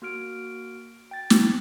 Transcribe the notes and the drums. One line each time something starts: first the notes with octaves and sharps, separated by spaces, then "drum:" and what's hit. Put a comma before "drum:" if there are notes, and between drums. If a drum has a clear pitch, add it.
A#3 F#4 F6 D7
G5 A6
drum: snare